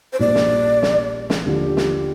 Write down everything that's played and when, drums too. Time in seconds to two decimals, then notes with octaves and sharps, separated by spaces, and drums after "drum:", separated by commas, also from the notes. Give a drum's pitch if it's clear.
0.13 C5
0.19 A#1 A#2 G3 D4 D5
0.35 drum: snare
0.83 drum: snare
1.30 drum: snare
1.45 D#2 D3 F3 G4
1.77 drum: snare